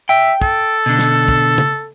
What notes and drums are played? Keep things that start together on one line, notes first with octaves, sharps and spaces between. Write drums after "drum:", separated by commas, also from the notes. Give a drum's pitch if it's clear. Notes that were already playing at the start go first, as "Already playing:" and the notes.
E5 G5
A4, drum: kick
B2 D3
drum: snare
drum: kick
drum: tom